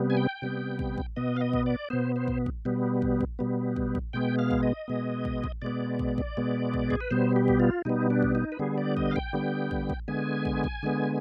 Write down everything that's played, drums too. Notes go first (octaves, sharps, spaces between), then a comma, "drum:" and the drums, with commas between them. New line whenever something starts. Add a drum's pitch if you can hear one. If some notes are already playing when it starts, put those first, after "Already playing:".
Already playing: C3 G3 B3
G#5
G5
C3 G3 B3
drum: kick
drum: kick
B2 B3 D#5
F5
D#5
drum: kick
D5
B2 B3 C5
C5
drum: kick
drum: kick
B2 G3 B3
drum: kick
drum: kick
B2 G3 B3
drum: kick
drum: kick
B2 G#3 B3 G5
F5
drum: kick
D#5
B2 G#3 B3
drum: kick
drum: kick
B2 G#3 B3 D5
drum: kick
drum: kick
B2 G#3 B3
drum: kick
G#4, drum: kick
B4
B2 G3 B3 C5
G4
drum: kick
F4
B2 G3 B3 D#4
D4
drum: kick
D#4
B4
D3 G3 B3 G#4
D5
D#5, drum: kick
F5
G5, drum: kick
D3 G3 B3
drum: kick
drum: kick
D3 G#3 B3 G#5
drum: kick
drum: kick
D3 G#3 B3